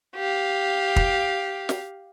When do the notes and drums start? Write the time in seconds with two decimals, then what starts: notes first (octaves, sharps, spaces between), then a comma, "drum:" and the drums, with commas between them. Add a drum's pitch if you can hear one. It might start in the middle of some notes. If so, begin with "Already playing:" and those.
0.16 G4 F5
0.96 drum: kick
1.69 drum: snare